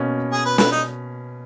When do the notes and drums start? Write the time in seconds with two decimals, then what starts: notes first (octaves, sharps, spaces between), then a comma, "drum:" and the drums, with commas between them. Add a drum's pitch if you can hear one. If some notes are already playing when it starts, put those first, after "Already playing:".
Already playing: B2 A#3 C#4
0.32 G#4
0.45 B4
0.58 B4, drum: snare
0.72 D#4